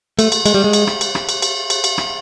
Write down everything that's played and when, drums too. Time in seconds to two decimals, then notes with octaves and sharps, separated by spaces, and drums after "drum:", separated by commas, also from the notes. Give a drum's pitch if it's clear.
0.19 A3, drum: cymbal
0.32 drum: cymbal
0.46 G#3, drum: cymbal
0.54 G3
0.64 G#3
0.73 drum: cymbal
0.87 drum: rim click
1.01 drum: cymbal
1.15 drum: rim click
1.29 drum: cymbal
1.42 drum: cymbal
1.70 drum: cymbal
1.84 drum: cymbal
1.98 drum: rim click